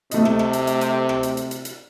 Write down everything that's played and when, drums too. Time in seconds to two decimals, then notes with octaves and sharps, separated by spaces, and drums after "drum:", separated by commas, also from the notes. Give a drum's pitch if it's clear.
0.11 C3 A3 D#5, drum: hi-hat
0.25 drum: rim click
0.39 drum: rim click
0.53 drum: hi-hat
0.67 drum: hi-hat
0.81 drum: hi-hat
1.09 drum: rim click
1.23 drum: hi-hat
1.37 drum: hi-hat
1.51 drum: hi-hat
1.65 drum: hi-hat